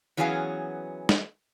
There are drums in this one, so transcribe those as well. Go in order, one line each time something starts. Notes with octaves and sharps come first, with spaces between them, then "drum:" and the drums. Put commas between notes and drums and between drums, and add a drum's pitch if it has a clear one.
E3 F#3 B3 C#4 G#4 F5
drum: snare